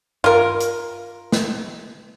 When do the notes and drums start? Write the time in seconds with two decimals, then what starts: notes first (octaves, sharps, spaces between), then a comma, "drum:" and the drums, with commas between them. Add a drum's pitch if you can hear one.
0.24 F4 A#4, drum: tom G2
0.60 drum: hi-hat
1.32 drum: snare